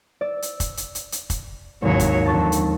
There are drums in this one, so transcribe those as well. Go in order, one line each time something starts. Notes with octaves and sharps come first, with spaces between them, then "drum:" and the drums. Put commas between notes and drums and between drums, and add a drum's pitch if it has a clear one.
D5 E6
drum: hi-hat
drum: kick, hi-hat
drum: hi-hat
drum: hi-hat
drum: hi-hat
drum: kick, hi-hat
G#1 D#2 C3 F#3 C#5
drum: kick, hi-hat
F2 D3 A5 C#6 A6
drum: hi-hat